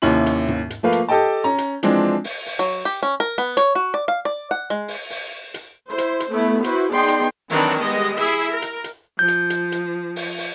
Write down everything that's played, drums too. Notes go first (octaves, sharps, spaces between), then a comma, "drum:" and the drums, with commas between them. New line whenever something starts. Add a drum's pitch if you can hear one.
D#2 C3 C#4 E4 F#7
drum: hi-hat
drum: tom G#2
drum: hi-hat
F3 A3 A#3 B4 F5
drum: hi-hat
G4 A4 D#5 G5 A5
C#4 A#5
drum: hi-hat
E3 F3 G#3 C4 D4, drum: hi-hat
drum: open hi-hat
drum: open hi-hat
F#3
G4
C#4
A#4
B3
C#5, drum: hi-hat
F#4
D5
F5
D5
F#5
G#3
drum: open hi-hat
drum: open hi-hat
drum: hi-hat
E4 C5
drum: hi-hat
drum: hi-hat
A3 B3 E4
E4 F#4 B4 C5, drum: hi-hat
B3 D#4 G#4 D5 G5 C6
drum: hi-hat
D#3 E3 F#3 C4 D4, drum: open hi-hat
G3 G#3 B3 D#5
E4 G#4 E5, drum: hi-hat
A#4
drum: hi-hat
drum: hi-hat
F3 G6
drum: hi-hat
drum: hi-hat
drum: hi-hat
drum: open hi-hat
drum: open hi-hat